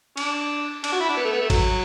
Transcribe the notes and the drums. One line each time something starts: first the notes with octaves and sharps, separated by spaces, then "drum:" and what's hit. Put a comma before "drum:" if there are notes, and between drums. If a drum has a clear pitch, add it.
D4, drum: cymbal
D4, drum: cymbal
F#4
E4
D4
B3
A3
B3
A3
F#3, drum: kick G#1, cymbal